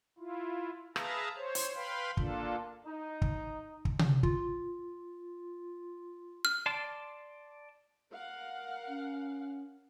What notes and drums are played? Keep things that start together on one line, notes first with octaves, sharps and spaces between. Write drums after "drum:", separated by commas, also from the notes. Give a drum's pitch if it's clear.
E4 F4
G#4 B4 E5 F5 A5 A#5, drum: rim click
C5 C#5
drum: hi-hat
B4 F5 G5 B5 C6
A#3 D4 F4 A4, drum: kick
D#4
drum: kick
drum: kick
drum: tom C3
F4, drum: kick
F6
D5 A5 C6
A#4 F5 F#5
C#4